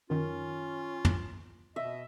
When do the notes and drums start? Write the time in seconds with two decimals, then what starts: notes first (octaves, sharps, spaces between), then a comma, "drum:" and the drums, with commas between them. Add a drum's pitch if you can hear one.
0.10 F#2 D#3 C#4 F4
1.05 drum: tom
1.76 B2 D#5 E5